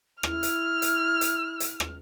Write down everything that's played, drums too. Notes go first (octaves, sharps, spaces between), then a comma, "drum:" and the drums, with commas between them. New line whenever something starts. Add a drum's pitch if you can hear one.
E4 F6, drum: rim click
drum: hi-hat
drum: hi-hat
drum: hi-hat
drum: hi-hat
drum: rim click